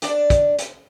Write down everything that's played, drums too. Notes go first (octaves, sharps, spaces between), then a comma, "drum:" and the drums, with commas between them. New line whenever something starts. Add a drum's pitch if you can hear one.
D4 D5, drum: hi-hat
drum: kick, hi-hat
drum: hi-hat